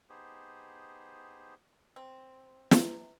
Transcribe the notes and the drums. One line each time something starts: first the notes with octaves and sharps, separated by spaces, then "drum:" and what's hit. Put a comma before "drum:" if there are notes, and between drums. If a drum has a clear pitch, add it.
B3 D#4 G4 G#4 C5
C4
drum: snare